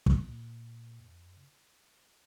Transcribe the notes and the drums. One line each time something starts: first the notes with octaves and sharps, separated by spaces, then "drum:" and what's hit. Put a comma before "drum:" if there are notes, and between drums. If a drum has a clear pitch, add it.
B2, drum: kick
A#2
E2
F2
F#2
C#3